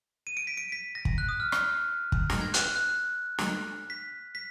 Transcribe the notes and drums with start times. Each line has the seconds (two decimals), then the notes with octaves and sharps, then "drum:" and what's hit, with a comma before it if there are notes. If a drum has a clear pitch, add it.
0.27 D#7
0.37 D7
0.47 B6
0.57 D7
0.72 B6
0.95 A#6
1.05 drum: kick
1.18 F#6
1.29 D#6
1.40 F6
1.52 F6, drum: rim click
2.12 drum: kick
2.30 A#6, drum: snare
2.41 G#6
2.54 F#6, drum: hi-hat
2.76 F#6
3.38 drum: snare
3.90 B6
4.35 B6